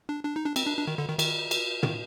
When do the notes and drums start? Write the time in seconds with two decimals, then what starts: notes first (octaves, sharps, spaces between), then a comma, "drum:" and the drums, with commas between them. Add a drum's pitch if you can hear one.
0.09 D4
0.25 D4
0.36 D#4
0.46 D4
0.56 C4, drum: cymbal
0.66 D4
0.77 D4
0.87 D#3
0.98 D3
1.09 D#3
1.19 D#3, drum: cymbal
1.51 drum: cymbal
1.83 D#3, drum: tom